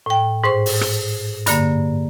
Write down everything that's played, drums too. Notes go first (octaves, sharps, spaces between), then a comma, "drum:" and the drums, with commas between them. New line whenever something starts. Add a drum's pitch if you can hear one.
A2 G5
G#2 C5 C#6
drum: open hi-hat
drum: rim click
G2 D3 A#3, drum: hi-hat